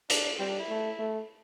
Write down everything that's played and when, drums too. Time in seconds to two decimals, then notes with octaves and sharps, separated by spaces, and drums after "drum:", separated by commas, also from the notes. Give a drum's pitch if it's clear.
0.10 D4, drum: hi-hat
0.39 G3 C4
0.49 D4
0.59 E4
0.69 A3
0.99 A3